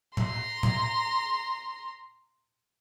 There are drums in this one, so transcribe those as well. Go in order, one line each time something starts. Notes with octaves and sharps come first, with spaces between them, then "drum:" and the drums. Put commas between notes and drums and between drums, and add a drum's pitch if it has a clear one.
A#5 C6, drum: tom A2
drum: tom A2